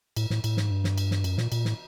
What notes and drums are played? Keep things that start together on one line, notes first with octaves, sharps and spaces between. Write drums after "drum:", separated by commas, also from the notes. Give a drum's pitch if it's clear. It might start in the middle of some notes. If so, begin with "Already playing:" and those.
A2, drum: cymbal
A2, drum: snare
A2, drum: cymbal
G#2, drum: snare
G2
drum: snare
drum: cymbal
drum: snare
F#2, drum: cymbal
A#2, drum: snare
A#2, drum: cymbal
A2, drum: snare